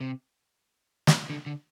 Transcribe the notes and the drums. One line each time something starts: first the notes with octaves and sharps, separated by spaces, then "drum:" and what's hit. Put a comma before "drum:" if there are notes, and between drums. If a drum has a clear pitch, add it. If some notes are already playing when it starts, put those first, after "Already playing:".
C3
drum: snare
D3
D3